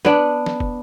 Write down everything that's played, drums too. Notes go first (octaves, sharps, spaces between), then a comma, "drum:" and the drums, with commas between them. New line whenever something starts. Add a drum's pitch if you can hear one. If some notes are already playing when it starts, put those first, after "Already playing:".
B3 D4, drum: snare
drum: snare
drum: kick